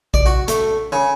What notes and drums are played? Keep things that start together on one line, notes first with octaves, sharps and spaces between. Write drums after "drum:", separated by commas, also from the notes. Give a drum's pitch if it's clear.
D5, drum: kick A#1
F#4
A3, drum: hi-hat
C#3